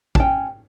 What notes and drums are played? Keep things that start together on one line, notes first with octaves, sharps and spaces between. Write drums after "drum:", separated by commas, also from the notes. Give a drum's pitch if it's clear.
A5, drum: kick
C#4 G5